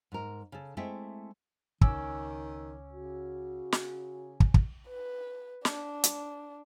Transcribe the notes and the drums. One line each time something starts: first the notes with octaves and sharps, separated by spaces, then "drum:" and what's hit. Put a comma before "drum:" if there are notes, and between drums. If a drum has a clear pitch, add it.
G#2 A#4
C#3 A4
G#3 A3 C4 E4 E5 G5
C#2 D#3 C#4 D6 E6, drum: kick
C#3 F#4
drum: snare
drum: kick
drum: kick
B4
D4, drum: snare
drum: hi-hat